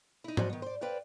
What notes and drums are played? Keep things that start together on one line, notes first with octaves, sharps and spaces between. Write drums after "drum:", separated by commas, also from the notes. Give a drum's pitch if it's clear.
D#4 E4
C#4 D#4 F#4 C5 D5 D#5, drum: tom G#2
D#3 B3
C5 D5
B4 C5 D5 F5 G5